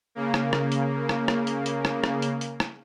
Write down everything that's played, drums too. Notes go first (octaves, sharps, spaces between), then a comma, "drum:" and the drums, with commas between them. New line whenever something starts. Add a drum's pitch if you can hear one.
C#3 A#3
drum: rim click
drum: rim click
drum: hi-hat
drum: rim click
drum: rim click
drum: hi-hat
drum: hi-hat
drum: rim click
drum: rim click
drum: hi-hat
drum: hi-hat
drum: rim click